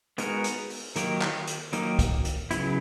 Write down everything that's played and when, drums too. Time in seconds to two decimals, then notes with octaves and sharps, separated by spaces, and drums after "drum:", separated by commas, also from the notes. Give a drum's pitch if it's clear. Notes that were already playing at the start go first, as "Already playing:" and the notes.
0.18 G#3 B3 D#4 F#4 A#4, drum: hi-hat
0.44 drum: hi-hat
0.70 drum: open hi-hat
0.96 D#3 F#3 A#3 D#4 G4, drum: hi-hat
1.21 drum: clap
1.47 drum: hi-hat
1.73 D#3 F#3 A#3 D#4 G4, drum: hi-hat
1.99 drum: kick, hi-hat
2.25 drum: hi-hat
2.51 C#3 F#3 B3 E4, drum: hi-hat